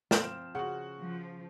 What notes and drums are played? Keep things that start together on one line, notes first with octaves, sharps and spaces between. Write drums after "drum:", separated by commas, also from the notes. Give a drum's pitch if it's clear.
F3 C4 F4 E7, drum: snare
C#3 F#4 F#5
F3